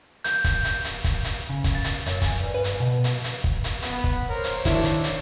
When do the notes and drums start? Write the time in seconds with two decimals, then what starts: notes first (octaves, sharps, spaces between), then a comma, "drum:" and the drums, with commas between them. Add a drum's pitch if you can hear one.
0.24 G6, drum: hi-hat
0.44 drum: kick, hi-hat
0.64 drum: hi-hat
0.84 drum: hi-hat
1.04 drum: kick, hi-hat
1.24 drum: hi-hat
1.49 C#3
1.64 drum: kick, hi-hat
1.75 A6
1.84 drum: hi-hat
2.06 F#2, drum: hi-hat
2.22 G#5, drum: kick, hi-hat
2.40 G2
2.54 B4
2.64 drum: hi-hat
2.80 B2
3.04 drum: hi-hat
3.24 drum: hi-hat
3.44 drum: kick
3.64 drum: hi-hat
3.82 B3, drum: hi-hat
4.04 drum: kick
4.30 A#4 C5 C#5
4.44 drum: hi-hat
4.65 D#3 D4 E4 E5, drum: kick, hi-hat
4.84 drum: hi-hat
5.04 drum: hi-hat